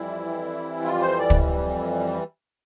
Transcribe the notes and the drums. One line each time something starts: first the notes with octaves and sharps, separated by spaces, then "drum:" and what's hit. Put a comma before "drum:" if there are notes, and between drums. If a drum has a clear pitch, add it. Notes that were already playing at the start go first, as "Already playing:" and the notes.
Already playing: F2 E3 G3 E4
F4
C5
D5
drum: kick